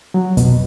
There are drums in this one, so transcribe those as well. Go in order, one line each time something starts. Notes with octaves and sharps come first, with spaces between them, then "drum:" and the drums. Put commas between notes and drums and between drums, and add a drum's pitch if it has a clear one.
F#3
B2, drum: kick F2, hi-hat